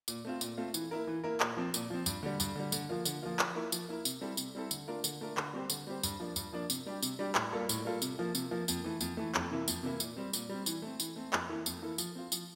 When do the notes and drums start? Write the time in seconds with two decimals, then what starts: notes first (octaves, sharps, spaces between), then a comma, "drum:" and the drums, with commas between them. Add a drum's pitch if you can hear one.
0.08 A#2, drum: tambourine
0.25 A3 C4 F4
0.41 A#2, drum: tambourine
0.57 A3 C4 F4
0.74 E3, drum: tambourine
0.91 A#3 E4 A#4
1.07 E3
1.24 A#3 E4 A#4
1.40 A#2, drum: clap
1.57 F3 C4
1.74 A#2, drum: tambourine
1.90 F3 C4
2.06 G2, drum: tambourine
2.23 D3 G3
2.40 G2, drum: tambourine
2.55 D3 G3
2.72 D3, drum: tambourine
2.89 F3 A#3 F4
3.05 D3, drum: tambourine
3.22 F3 A#3 F4
3.39 F3, drum: clap
3.55 A#3 E4 A#4
3.72 F3, drum: tambourine
3.89 A#3 E4 A#4
4.05 C3, drum: tambourine
4.21 G3 C4 E4 A4
4.37 C3, drum: tambourine
4.55 G3 C4 E4 A4
4.71 D3, drum: tambourine
4.88 A3 D4 F4 A#4
5.04 D3, drum: tambourine
5.21 A3 D4 F4 A#4
5.37 D3, drum: clap
5.53 G3 C4 G4 C5
5.70 D3, drum: tambourine
5.87 G3 C4 G4 C5
6.03 G2, drum: tambourine
6.20 F3 A#3 D4
6.36 G2, drum: tambourine
6.53 F3 A#3 D4
6.70 C3, drum: tambourine
6.86 G3 D4 G4
7.02 C3, drum: tambourine
7.19 G3 D4 G4
7.35 A2, drum: clap
7.52 G3 A#3 F4 A4
7.69 A2, drum: tambourine
7.85 G3 A#3 F4 A4
8.02 C3, drum: tambourine
8.19 F3 A#3
8.35 C3, drum: tambourine
8.51 F3 A#3
8.68 F2, drum: tambourine
8.84 E3 A3
9.01 F2, drum: tambourine
9.17 E3 A3
9.35 F2, drum: clap
9.51 C3 E3 A#3 E4
9.68 F2, drum: tambourine
9.83 C3 E3 A#3 E4
10.00 A#2, drum: tambourine
10.17 G3 C4
10.33 A#2, drum: tambourine
10.49 G3 C4
10.66 E3, drum: tambourine
10.82 A3 C4
11.00 E3, drum: tambourine
11.16 A3 C4
11.33 F2, drum: clap
11.49 E3 A#3 E4 A4
11.66 F2, drum: tambourine
11.82 E3 A#3 E4 A4
11.98 F3, drum: tambourine
12.15 C4 F4
12.32 F3, drum: tambourine